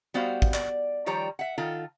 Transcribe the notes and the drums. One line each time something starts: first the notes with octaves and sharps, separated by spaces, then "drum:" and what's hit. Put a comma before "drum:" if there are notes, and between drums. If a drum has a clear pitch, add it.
G3 B3 F#4 C5 F5
drum: kick
D5, drum: clap
D#3 F3 G3 C#5 A#5
E5 F#5
D#3 F4 A4